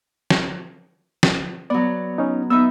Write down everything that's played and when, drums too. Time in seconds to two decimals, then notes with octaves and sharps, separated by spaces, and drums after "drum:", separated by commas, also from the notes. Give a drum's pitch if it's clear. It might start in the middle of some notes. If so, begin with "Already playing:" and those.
0.30 drum: snare
1.23 drum: snare
1.70 F#3 B3 D5
2.18 C#4 D#4
2.50 B3 D#4 E5 E6